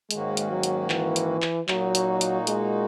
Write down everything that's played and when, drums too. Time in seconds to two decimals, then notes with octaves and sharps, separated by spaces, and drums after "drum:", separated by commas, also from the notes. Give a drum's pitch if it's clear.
0.11 G#2 D#3 G#3 A#3 C#4 F#4, drum: hi-hat
0.37 drum: hi-hat
0.51 F#3
0.63 drum: hi-hat
0.90 E3, drum: clap
1.16 drum: hi-hat
1.42 drum: clap
1.68 A#2 F#3 A#3 D#4 F#4, drum: clap
1.95 drum: hi-hat
2.21 drum: hi-hat
2.47 G#3, drum: hi-hat